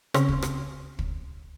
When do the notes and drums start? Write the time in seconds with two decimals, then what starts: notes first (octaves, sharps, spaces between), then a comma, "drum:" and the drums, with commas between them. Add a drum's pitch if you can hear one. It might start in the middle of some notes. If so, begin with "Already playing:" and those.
0.14 C#3 C4 C#4, drum: rim click
0.28 drum: kick
0.42 drum: rim click
0.99 drum: kick